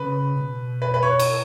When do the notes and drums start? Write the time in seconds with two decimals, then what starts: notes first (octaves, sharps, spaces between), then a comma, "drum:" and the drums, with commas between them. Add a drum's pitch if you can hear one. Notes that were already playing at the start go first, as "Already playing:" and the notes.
Already playing: C#3 B4
0.38 B2
0.82 B4
0.94 B4
1.03 C#5
1.19 drum: cymbal